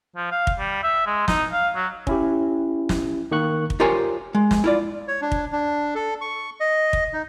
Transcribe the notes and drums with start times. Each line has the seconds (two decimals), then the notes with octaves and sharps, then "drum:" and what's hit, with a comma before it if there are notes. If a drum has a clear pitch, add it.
0.16 F3
0.31 F5
0.47 drum: kick
0.59 G3
0.83 E5
1.06 G#3
1.28 D#4, drum: snare
1.52 F5
1.75 F#3
2.07 C#4 E4 G4, drum: kick
2.89 drum: snare
3.32 D#3 A#3 C#6 F#6
3.70 drum: kick
3.80 F4 G4 A#4 C5 C#5 G#5
4.35 G#3
4.51 drum: snare
4.64 E4 F4 D5
5.08 C#5
5.22 D4
5.32 drum: kick
5.52 D4
5.95 A4
6.21 C#6
6.60 D#5
6.93 drum: kick
7.13 D#4